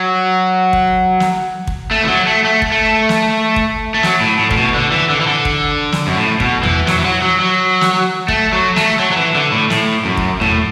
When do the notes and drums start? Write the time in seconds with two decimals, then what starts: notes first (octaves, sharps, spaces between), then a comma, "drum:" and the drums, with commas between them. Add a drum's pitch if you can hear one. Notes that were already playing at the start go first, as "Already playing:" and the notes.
Already playing: F#3
0.73 drum: kick
1.20 drum: snare
1.67 drum: kick
1.91 A3
2.04 E3
2.08 F#3
2.27 A3
2.44 A3
2.62 drum: kick
2.72 A3
3.09 drum: snare
3.56 drum: kick
3.94 A3
4.03 F#3, drum: snare
4.21 A2
4.39 A2
4.51 A2, drum: kick
4.57 B2
4.75 D3
4.92 E3
5.10 D3
5.21 E3
5.27 D3
5.45 drum: kick
5.92 drum: snare
6.07 F#2
6.16 A2
6.40 B2, drum: kick
6.63 E3, drum: tom E2
6.87 F#3, drum: snare
6.99 E3
7.05 F#3
7.22 F#3
7.40 F#3
7.81 drum: snare
8.28 A3, drum: kick
8.53 F#3
8.76 A3, drum: snare
9.00 F#3
9.11 F#3
9.17 E3
9.35 D3
9.52 A2
9.70 A2, drum: snare
10.05 F#2
10.17 drum: kick
10.41 A2, drum: tom E2